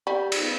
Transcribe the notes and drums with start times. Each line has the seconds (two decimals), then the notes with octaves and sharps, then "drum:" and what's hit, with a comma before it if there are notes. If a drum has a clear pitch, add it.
0.07 G3
0.32 drum: cymbal